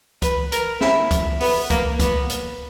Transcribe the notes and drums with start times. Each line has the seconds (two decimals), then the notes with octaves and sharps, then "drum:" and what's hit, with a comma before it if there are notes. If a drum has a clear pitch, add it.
0.22 B4, drum: kick C#2, hi-hat
0.52 A#4, drum: hi-hat
0.81 E4, drum: snare
1.11 drum: kick C#2, hi-hat
1.40 B3, drum: open hi-hat
1.70 A#3, drum: kick C#2, hi-hat
2.00 B3, drum: kick C#2, hi-hat
2.29 drum: hi-hat